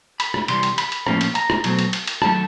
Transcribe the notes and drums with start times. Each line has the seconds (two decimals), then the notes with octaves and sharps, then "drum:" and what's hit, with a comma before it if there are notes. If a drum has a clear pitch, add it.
0.20 B5, drum: cymbal
0.34 drum: rim click
0.48 C3 E3 G3 C6, drum: cymbal
0.63 drum: cymbal
0.78 B5, drum: cymbal
0.92 drum: cymbal
1.07 A2 F3 A#3 C#4, drum: rim click
1.21 drum: cymbal
1.35 A#5, drum: cymbal
1.50 drum: rim click
1.64 B2 F#3 A3 C4, drum: cymbal
1.79 drum: cymbal
1.93 drum: cymbal
2.07 drum: cymbal
2.22 D#3 F#3 A3 A5, drum: rim click